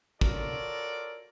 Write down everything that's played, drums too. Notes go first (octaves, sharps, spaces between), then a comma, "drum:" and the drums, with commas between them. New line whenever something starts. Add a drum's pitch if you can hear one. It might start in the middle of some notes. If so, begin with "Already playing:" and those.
F4 F#4 A4 A#4 C#5 D5, drum: kick